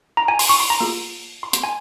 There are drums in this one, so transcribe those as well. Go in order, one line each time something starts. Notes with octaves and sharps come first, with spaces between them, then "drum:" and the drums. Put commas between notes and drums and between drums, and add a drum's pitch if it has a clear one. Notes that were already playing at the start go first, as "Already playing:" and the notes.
A#5
G#5
C6, drum: open hi-hat
C#6
C6
A#5
A#3 F4 G#4
C6
C6, drum: hi-hat
G#5